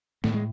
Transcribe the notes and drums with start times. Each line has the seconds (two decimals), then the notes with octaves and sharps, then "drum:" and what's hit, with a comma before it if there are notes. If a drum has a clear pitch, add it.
0.24 A2 A3, drum: snare
0.34 G#3